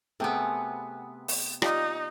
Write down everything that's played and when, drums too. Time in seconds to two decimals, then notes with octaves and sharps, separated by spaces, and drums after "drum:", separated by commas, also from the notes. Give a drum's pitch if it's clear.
0.20 C3 A3 B3 C4 G#4 A4 G5
1.28 drum: open hi-hat
1.62 D#4 F4 G4 D5, drum: rim click